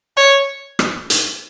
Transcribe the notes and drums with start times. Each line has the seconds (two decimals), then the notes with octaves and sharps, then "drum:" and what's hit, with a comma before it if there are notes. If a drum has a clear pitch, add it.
0.17 C#5
0.79 drum: rim click
1.10 drum: hi-hat